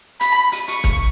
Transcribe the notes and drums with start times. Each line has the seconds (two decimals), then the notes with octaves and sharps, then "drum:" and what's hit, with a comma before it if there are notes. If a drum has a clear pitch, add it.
0.21 B5, drum: hi-hat
0.52 drum: open hi-hat
0.68 C#6, drum: open hi-hat
0.84 drum: kick C#1, hi-hat